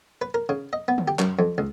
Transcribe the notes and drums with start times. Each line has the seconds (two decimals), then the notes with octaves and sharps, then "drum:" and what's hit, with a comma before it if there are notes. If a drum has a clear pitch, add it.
0.22 B4
0.34 A#4
0.49 C#3
0.73 D#5
0.88 B3
0.98 drum: tom D3
1.08 G4
1.19 F#2, drum: clap
1.39 F2
1.58 C#2